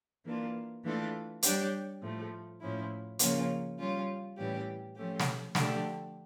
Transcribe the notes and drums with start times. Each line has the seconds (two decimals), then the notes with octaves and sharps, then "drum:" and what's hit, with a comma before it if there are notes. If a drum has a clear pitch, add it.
0.24 E3 A#3 D4 F4
0.83 E3 A3 D4 F4 A4
1.43 G3 D4 G4 C#5, drum: hi-hat
2.01 A2 F3 A3
2.60 A2 F3 C#4 E4
3.19 C#3 F3 A#3 C#4 F4, drum: hi-hat
3.78 G3 C#4 F4
4.37 A2 E3 G3 C#4 G4
4.96 F3 A3 C#4 G4
5.20 drum: snare
5.55 D3 F3 A3 D4 G4, drum: snare